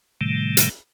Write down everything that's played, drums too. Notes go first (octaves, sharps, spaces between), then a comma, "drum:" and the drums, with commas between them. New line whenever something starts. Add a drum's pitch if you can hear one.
A2 C3 D#3 G3 A3
drum: hi-hat